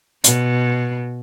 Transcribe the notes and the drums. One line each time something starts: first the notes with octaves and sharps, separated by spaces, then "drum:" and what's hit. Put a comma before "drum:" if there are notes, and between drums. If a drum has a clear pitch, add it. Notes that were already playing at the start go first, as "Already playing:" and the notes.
B2, drum: hi-hat